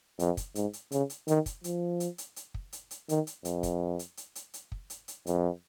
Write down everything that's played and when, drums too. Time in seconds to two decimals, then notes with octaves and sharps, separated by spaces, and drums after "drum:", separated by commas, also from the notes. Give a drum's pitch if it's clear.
0.19 F2, drum: hi-hat
0.37 drum: kick, hi-hat
0.55 G#2, drum: hi-hat
0.73 drum: hi-hat
0.92 C#3, drum: hi-hat
1.10 drum: hi-hat
1.28 D#3, drum: hi-hat
1.46 drum: kick, hi-hat
1.64 F3, drum: hi-hat
2.00 drum: hi-hat
2.18 drum: hi-hat
2.36 drum: hi-hat
2.54 drum: kick
2.73 drum: hi-hat
2.91 drum: hi-hat
3.09 D#3, drum: hi-hat
3.27 drum: hi-hat
3.45 F2, drum: hi-hat
3.63 drum: kick, hi-hat
3.99 drum: hi-hat
4.17 drum: hi-hat
4.35 drum: hi-hat
4.54 drum: hi-hat
4.72 drum: kick
4.90 drum: hi-hat
5.08 drum: hi-hat
5.27 F2, drum: hi-hat